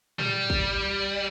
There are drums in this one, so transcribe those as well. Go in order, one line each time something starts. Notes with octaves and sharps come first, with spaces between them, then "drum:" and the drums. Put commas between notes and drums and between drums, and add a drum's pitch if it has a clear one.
G3, drum: tom
drum: kick